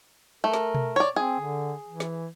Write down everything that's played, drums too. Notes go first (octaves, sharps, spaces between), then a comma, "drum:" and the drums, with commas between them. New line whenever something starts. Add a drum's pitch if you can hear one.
A3 A#4
drum: snare
drum: tom B2
C#5 D5
C4 G#4
D3
E3
drum: snare